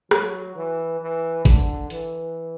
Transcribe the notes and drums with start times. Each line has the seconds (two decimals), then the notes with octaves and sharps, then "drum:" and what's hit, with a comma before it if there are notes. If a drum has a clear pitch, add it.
0.11 F#3, drum: rim click
0.55 E3
1.01 E3
1.45 D3, drum: kick
1.90 E3, drum: hi-hat